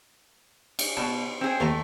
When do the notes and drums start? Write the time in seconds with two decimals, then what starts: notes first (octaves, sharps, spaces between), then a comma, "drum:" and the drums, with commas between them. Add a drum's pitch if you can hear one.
0.79 drum: cymbal
0.97 B2 D4
1.41 C4 G#4
1.60 D#2 F3 A3 A#5